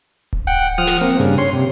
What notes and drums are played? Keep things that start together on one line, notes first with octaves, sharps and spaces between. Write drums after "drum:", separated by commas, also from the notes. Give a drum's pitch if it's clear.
drum: kick D1
F#5 G5
F3 F#5 D#6 F6
drum: snare
A#3 C4
G2 C#3
C#5 C6
C3